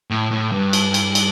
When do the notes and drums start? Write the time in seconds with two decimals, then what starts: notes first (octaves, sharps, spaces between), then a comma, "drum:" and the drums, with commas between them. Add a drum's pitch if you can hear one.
0.10 A2
0.31 A2
0.52 G2
0.73 drum: cymbal
0.94 drum: cymbal
1.15 drum: cymbal